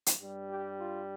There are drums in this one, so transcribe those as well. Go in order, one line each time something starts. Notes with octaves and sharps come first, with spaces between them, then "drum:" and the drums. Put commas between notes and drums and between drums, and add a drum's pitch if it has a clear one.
drum: hi-hat
G2 G3
G4
F4